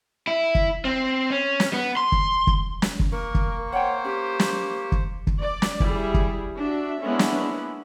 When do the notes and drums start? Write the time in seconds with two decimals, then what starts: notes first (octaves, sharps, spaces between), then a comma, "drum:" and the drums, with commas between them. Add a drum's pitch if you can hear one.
0.28 E4
0.55 drum: kick
0.85 C4
1.31 C#4
1.60 drum: snare
1.73 B3
1.97 C6
2.12 drum: kick
2.47 drum: kick
2.82 drum: snare
3.00 drum: kick
3.12 A#3 A#4 C#6
3.35 drum: kick
3.72 C5 C#5 F#5 G5
4.04 C#4 G4
4.39 drum: snare
4.92 drum: kick
5.27 drum: kick
5.40 D5
5.62 drum: snare
5.80 G3 E4 G#4, drum: kick
6.14 drum: kick
6.58 D4 F#4 E5
7.03 G#3 A#3 B3 C#4 D4 E4
7.19 drum: snare